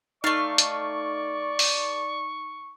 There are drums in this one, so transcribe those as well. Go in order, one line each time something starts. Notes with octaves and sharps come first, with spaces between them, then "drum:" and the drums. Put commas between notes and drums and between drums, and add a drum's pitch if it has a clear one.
A3 D#4 D5 F5 C#6 A6
drum: hi-hat
drum: open hi-hat